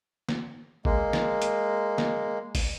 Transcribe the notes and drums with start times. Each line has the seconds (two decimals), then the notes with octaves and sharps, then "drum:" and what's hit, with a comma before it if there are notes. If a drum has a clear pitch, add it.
0.29 drum: snare
0.85 G#3 A#3, drum: kick G#1
1.13 drum: snare
1.42 drum: hi-hat
1.98 drum: snare
2.55 drum: kick G#1, open hi-hat